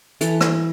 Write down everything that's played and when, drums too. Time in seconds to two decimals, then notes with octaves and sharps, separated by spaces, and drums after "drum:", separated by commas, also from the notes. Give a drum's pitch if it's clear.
0.21 E3 A4, drum: hi-hat
0.41 drum: rim click